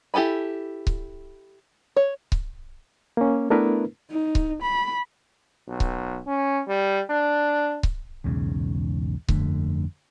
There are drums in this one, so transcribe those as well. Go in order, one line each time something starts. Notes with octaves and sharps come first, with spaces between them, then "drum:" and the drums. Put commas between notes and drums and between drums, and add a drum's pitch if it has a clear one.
E4 G4 A4 G#5 B5
drum: kick C#1
C#5
drum: kick C#1
A#3 C#4
A3 B3 D4 E4 A#4 B4
D#4
drum: kick C#1
B5
B1
drum: kick C#1
C#4
G3
D4
drum: kick C#1
B1 E2 G#2 C#3
G1 F2 D3 A3, drum: kick C#1